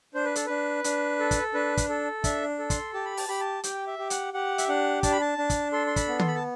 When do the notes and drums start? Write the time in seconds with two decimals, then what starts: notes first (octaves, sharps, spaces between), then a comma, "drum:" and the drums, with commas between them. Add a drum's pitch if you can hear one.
0.14 D4 C5
0.25 B4
0.35 A4, drum: hi-hat
0.46 D4 B4
0.84 D4, drum: hi-hat
1.19 A4
1.31 drum: kick, hi-hat
1.54 D4 B4
1.77 drum: kick, hi-hat
1.89 A4
2.24 D4 E5, drum: kick, hi-hat
2.59 A4
2.70 C6, drum: kick, hi-hat
2.94 G4 A5
3.05 B5
3.17 A5, drum: open hi-hat
3.29 G4 B5
3.40 A5
3.64 G4 G5, drum: hi-hat
3.87 E5
3.99 G4
4.10 F#5, drum: hi-hat
4.33 G4 F#5
4.58 E5, drum: hi-hat
4.68 D4 F#5
5.03 D4 A5, drum: kick, hi-hat
5.12 B5
5.21 A5
5.38 D4
5.50 drum: kick, hi-hat
5.72 A4 C6
5.87 C6
5.96 B5, drum: kick, hi-hat
6.08 B3
6.19 C6, drum: tom D#3
6.27 B5
6.35 A5